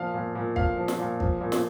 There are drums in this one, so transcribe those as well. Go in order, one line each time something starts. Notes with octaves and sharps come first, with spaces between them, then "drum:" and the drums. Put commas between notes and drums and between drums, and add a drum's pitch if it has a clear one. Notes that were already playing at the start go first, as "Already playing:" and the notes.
Already playing: A#2 F3 F5
A#2
A#2
F3 F5, drum: kick
F3
drum: snare
A#2
F3, drum: kick
A#2
drum: snare